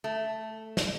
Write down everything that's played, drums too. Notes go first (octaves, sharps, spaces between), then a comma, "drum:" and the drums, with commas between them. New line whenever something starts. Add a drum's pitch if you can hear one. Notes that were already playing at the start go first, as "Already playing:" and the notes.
A3
drum: snare